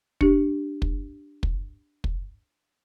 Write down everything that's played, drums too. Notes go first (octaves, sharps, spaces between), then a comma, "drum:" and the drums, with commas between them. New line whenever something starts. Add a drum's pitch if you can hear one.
D4 G4, drum: kick
drum: kick
drum: kick
drum: kick